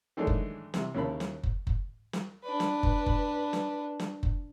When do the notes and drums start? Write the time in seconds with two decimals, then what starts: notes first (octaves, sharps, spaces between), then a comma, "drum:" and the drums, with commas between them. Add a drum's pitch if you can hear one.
0.17 D#3 E3 F#3 G#3 A3 D4
0.27 drum: kick F#1
0.74 C3 E3, drum: snare
0.94 D#2 C#3 E4 A#4 A5 B5
1.20 drum: snare
1.43 drum: kick F#1
1.67 drum: kick F#1
2.13 drum: snare
2.44 D4 B4
2.60 drum: snare
2.83 drum: kick F#1
3.06 drum: kick F#1
3.53 drum: snare
3.99 drum: snare
4.23 drum: kick F#1